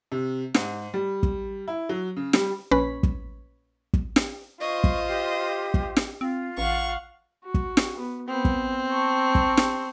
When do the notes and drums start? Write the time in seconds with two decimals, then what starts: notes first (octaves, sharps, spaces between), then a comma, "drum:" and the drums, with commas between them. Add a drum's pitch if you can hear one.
0.12 C3
0.54 G#2, drum: snare
0.94 G3
1.23 drum: kick
1.68 E4
1.89 F#3
2.16 C#3
2.33 G3, drum: snare
2.72 A#1 C#4 B4 B5
3.03 drum: kick
3.93 drum: kick
4.16 drum: snare
4.61 F4 C5 D#5 C#6
4.84 drum: kick
5.08 G4
5.74 drum: kick
5.96 drum: snare
6.21 C4 F4
6.58 A1 F5 F#5 C#6
7.44 F#4
7.54 drum: kick
7.77 drum: snare
7.98 B3
8.28 B3 C4
8.45 drum: kick
8.89 A5 C#6
9.35 drum: kick
9.57 drum: snare